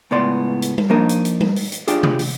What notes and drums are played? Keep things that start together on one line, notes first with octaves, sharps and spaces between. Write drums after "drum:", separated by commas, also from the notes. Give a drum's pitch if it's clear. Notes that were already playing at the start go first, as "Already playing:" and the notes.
C#2 A2 B3 D5 C6
drum: hi-hat
drum: tom G3
F3 A#3 D4 D#4 A#4 D#5
drum: hi-hat
drum: hi-hat
drum: tom G3
drum: open hi-hat
drum: hi-hat
D4 F4 G4 G#4, drum: hi-hat
drum: tom C3
drum: open hi-hat